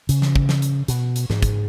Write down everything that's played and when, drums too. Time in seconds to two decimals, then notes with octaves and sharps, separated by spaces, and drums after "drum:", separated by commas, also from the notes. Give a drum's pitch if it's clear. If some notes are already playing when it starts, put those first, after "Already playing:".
0.09 C#3, drum: hi-hat
0.22 drum: snare
0.36 drum: kick
0.49 drum: snare
0.62 drum: hi-hat
0.88 B2, drum: hi-hat
1.16 drum: hi-hat
1.30 G#2, drum: snare
1.42 drum: kick, hi-hat